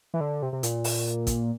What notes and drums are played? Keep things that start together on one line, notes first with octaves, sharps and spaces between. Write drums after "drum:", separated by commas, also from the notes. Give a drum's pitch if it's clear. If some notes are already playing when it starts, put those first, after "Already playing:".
E3
D3
C3
C3
A#2, drum: hi-hat
drum: open hi-hat
drum: kick, hi-hat